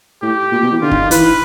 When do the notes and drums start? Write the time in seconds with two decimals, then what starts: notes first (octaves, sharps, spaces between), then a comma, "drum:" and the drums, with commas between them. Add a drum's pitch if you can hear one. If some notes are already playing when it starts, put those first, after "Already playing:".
0.22 A2 G4
0.52 A#2
0.63 B2
0.72 E3
0.82 D3 F4
0.91 D#3, drum: kick
1.02 D#3
1.11 E3 B4, drum: hi-hat